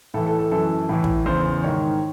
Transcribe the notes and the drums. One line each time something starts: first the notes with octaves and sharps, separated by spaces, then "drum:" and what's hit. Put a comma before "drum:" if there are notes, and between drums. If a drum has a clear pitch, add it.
A2 E3 A4
A4
A4
F#2 E3 A4
A2 E3
drum: kick
E2 C#3 E3 C5
G#2 D#3 C#5